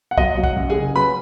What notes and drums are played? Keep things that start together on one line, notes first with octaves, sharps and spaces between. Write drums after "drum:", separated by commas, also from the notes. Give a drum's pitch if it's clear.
F#5
F#3 D#5, drum: kick B1
F#3
F#5, drum: kick B1
F#2
G#4 G#5
F#1
F#3 B4 B5